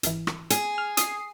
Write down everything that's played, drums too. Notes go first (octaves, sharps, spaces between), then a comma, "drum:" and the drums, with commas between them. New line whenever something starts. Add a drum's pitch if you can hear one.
G#1 E3, drum: hi-hat
drum: rim click
G#4, drum: hi-hat
F6
D#6 C7, drum: hi-hat